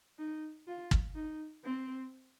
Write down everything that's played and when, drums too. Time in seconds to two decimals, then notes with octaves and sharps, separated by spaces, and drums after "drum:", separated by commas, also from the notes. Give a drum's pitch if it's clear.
0.19 D#4
0.67 F4
0.91 drum: kick
1.15 D#4
1.64 C4